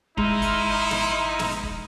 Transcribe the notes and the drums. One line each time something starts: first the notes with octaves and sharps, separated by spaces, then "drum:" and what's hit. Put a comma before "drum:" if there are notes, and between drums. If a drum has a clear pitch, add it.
G#1 G#3 D#4 E4 C6 F6, drum: kick
drum: kick, hi-hat
drum: snare
drum: snare
drum: kick